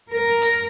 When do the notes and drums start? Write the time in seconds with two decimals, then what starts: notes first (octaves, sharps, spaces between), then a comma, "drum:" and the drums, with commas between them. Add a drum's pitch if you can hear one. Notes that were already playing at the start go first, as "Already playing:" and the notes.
0.13 A#4
0.42 drum: hi-hat